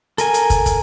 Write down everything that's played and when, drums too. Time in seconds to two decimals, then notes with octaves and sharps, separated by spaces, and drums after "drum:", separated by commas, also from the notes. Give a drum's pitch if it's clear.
0.18 A4 A#4 G#5, drum: hi-hat
0.34 drum: hi-hat
0.50 drum: kick, hi-hat
0.66 drum: kick, hi-hat